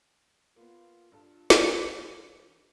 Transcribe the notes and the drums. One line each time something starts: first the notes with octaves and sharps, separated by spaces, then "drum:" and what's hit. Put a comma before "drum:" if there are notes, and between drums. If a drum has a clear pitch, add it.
A#3 B3 F4
G2 F4 A4 A5
drum: snare
C2
E3 E4